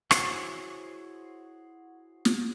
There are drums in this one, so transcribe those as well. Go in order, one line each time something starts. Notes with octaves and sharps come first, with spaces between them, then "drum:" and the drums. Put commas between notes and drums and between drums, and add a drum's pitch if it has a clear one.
E4 F#4 G#4 C5 C#5, drum: rim click
drum: snare